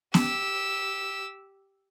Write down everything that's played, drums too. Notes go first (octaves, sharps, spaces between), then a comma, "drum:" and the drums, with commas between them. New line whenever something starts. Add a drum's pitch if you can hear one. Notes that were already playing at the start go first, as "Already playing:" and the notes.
G4 E6, drum: snare B3